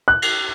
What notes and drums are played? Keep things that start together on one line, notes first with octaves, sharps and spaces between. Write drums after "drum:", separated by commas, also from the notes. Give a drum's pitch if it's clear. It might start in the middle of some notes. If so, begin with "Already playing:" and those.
F#6
drum: cymbal